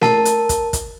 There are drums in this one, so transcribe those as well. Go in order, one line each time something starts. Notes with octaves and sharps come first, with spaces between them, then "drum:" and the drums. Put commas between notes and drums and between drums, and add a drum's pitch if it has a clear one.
A#4 A5, drum: snare
drum: hi-hat
drum: kick, hi-hat
drum: kick, hi-hat